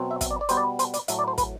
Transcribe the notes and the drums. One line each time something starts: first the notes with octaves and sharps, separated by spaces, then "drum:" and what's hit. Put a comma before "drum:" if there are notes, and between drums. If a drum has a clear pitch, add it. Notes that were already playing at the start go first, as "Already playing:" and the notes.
Already playing: B2 F#3 C4
E5
E5, drum: kick, hi-hat
D5
D5
B2 G3 B3 C5, drum: hi-hat
D5
C5, drum: hi-hat
D5, drum: hi-hat
A2 F#3 A3 E5, drum: hi-hat
D5
C5
B4, drum: kick, hi-hat